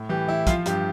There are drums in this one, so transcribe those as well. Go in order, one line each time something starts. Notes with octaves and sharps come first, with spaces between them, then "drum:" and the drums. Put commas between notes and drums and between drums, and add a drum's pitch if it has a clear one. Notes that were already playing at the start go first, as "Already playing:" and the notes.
Already playing: A2
E3 G4
E3 E4
F3 F4, drum: kick, hi-hat
G2 G4, drum: hi-hat